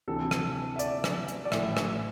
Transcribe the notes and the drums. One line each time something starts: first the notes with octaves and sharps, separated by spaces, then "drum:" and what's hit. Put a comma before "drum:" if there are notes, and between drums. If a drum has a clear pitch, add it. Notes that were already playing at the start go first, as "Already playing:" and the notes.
D2 C3 E3 A4
drum: rim click
E5
D5, drum: hi-hat
drum: rim click
drum: hi-hat
D5
A1 A2 E3 E5, drum: rim click
drum: rim click